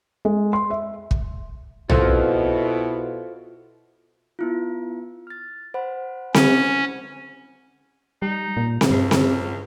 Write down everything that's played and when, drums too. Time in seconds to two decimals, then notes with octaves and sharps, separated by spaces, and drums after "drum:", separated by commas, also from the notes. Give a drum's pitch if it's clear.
0.25 G#3
0.53 C6
0.70 E5
1.11 drum: kick
1.89 B2 E4 F4 A4 C5, drum: tom
4.39 B3 E4 F4
5.27 F6 A6
5.74 C5 F#5 B5
6.34 C#4, drum: snare C4
8.22 G3 D#4
8.57 A#2
8.81 drum: snare C4
8.90 C#2 G2
9.11 drum: snare C4